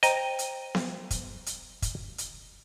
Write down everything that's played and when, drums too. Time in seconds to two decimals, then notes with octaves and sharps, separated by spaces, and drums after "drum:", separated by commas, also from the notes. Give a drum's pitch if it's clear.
0.03 C5 D#5 G5 A#5, drum: hi-hat
0.39 drum: hi-hat
0.75 drum: snare B3
1.11 drum: kick, hi-hat
1.46 drum: hi-hat
1.82 drum: kick, hi-hat
2.18 drum: hi-hat